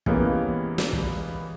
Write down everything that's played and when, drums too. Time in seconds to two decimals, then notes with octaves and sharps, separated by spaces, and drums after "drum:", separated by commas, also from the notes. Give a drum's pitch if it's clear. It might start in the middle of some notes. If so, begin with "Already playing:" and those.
0.06 E3 G#3 A#3 B3 C#4 G4, drum: kick
0.78 drum: snare
0.93 drum: kick